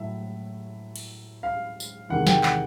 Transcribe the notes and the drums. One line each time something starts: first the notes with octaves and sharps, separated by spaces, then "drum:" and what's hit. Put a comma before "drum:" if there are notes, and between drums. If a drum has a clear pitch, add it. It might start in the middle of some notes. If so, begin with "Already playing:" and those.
Already playing: A2 F#3 A3 E5
drum: cymbal
F5
drum: tambourine
E2 C3 D#3 G#3 F#5
G5, drum: snare
F#5, drum: clap